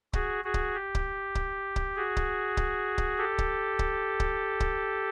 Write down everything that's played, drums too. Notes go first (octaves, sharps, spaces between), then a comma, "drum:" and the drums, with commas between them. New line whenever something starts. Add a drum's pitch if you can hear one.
F#4 G#4, drum: kick C#1
F#4 G#4
drum: kick C#1
G4
drum: kick C#1
drum: kick C#1
drum: kick C#1
F#4 G#4
drum: kick C#1
drum: kick C#1
drum: kick C#1
G4 A4
drum: kick C#1
drum: kick C#1
drum: kick C#1
drum: kick C#1